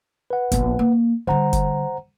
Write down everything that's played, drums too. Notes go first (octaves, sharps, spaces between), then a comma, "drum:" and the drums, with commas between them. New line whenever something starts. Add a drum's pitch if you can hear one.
B4 F#5
A#1 B3, drum: kick F#1, hi-hat
A#3
D3 G3 C5 F#5 A#5
drum: kick F#1, hi-hat